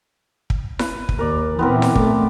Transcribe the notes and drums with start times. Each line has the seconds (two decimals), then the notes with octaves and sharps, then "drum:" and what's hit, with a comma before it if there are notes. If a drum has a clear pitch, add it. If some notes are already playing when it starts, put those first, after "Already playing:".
0.50 drum: kick
0.79 B4, drum: snare E4
1.09 drum: kick
1.19 D#2 A#4 D5
1.59 A#2 E3 B3 C4 A#4
1.82 drum: snare E4
1.95 A3 D6, drum: kick